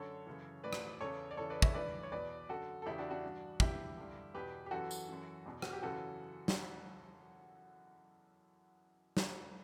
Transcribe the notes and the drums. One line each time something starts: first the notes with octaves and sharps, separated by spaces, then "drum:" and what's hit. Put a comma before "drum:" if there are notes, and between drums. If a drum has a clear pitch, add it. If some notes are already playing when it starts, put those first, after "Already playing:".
Already playing: F#2 D3 A4 C#5
F#2 C#3 E3
A2 E3 B4 D5
drum: rim click
E2 C#3 E3 A4 C#5
D5
E2 C#3 E3 A4 C#5
B4 D5
C#5 E5, drum: kick
G2 E3 B4 D5
C#5
E2 B2 B4 D5
F#2 D3 F#4 A4
A4
E2 C#3 E3 E4 G4
D4 F#4
D4 F#4
G2 E3
G2 E3 E4 G4, drum: kick
G2 D3
E2 B2 G4 B4
G4
F#2 E3 F#4 A4
drum: tambourine
F#2 E3
E2 B2
F#4, drum: rim click
G4
F#2 C#3 E3 F#4 A4
drum: snare
drum: snare